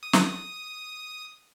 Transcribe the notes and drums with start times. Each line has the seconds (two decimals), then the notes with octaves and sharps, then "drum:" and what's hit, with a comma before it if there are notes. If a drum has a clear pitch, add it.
0.03 D#6
0.13 drum: snare